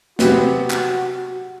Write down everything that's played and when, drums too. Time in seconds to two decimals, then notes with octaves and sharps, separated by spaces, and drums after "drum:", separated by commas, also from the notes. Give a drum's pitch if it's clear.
0.19 C3 F#3 B3 F#4, drum: snare
0.70 drum: clap